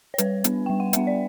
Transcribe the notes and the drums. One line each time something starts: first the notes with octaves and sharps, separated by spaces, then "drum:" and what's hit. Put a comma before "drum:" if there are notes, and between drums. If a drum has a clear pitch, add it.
C#5
G3 B4, drum: hi-hat
B3 D4, drum: hi-hat
G3 G5
F#5
B3 D4 E5, drum: hi-hat
D5